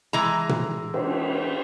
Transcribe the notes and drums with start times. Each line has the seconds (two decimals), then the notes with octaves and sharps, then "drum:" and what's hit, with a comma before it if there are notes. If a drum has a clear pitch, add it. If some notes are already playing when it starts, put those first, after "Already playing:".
0.13 E3 G#3 A#5
0.49 drum: tom A#2
0.94 drum: cymbal